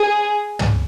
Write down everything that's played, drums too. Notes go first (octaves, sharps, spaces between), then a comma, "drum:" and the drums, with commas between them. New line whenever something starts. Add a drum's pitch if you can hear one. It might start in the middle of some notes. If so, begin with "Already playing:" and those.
Already playing: G#4
drum: tom